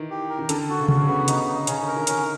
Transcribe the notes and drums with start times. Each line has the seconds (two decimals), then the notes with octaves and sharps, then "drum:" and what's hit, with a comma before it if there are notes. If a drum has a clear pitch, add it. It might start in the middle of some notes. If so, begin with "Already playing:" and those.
Already playing: D#3 E3
0.10 G4
0.30 A#4
0.39 D#3
0.49 D3 A4, drum: hi-hat
0.69 F#4
0.79 C#3
0.89 F#4, drum: tom C3
1.01 C#3
1.08 D3 B3
1.28 D#4, drum: hi-hat
1.47 D#4
1.67 C#3 C#4, drum: hi-hat
1.82 D3
1.87 A#4
1.97 D#3
2.07 D#3 C#4, drum: hi-hat